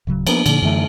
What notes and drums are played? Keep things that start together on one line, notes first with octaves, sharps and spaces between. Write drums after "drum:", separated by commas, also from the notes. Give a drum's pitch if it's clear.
D1 C#3 F#3
F3 A#3 B3 D4, drum: cymbal
A#2 D3 F3 A#3, drum: cymbal
F#2 D3 E3 F#3 A3